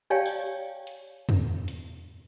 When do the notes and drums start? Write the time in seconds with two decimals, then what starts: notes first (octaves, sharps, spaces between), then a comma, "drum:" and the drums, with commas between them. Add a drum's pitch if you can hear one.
0.10 G4 C#5 D5 F5 G5 G#5
0.25 drum: tambourine
0.87 drum: hi-hat
1.29 drum: tom
1.68 drum: hi-hat